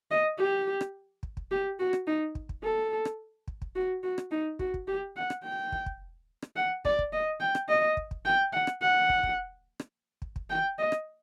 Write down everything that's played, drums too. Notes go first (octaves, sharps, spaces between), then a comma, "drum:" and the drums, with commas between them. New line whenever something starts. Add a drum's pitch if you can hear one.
D#5
G4
drum: rim click
drum: kick
drum: kick
G4
F#4
drum: rim click
D#4
drum: kick
drum: kick
A4
drum: rim click
drum: kick
drum: kick
F#4
F#4
drum: rim click
D#4
F#4, drum: kick
drum: kick
G4
F#5
drum: rim click
G5
drum: kick
drum: kick
drum: rim click
F#5
D5, drum: kick
drum: kick
D#5
G5
drum: rim click
D#5
drum: kick
drum: kick
G5
F#5
drum: rim click
F#5
drum: kick
drum: kick
drum: rim click
drum: kick
drum: kick
G5
D#5
drum: rim click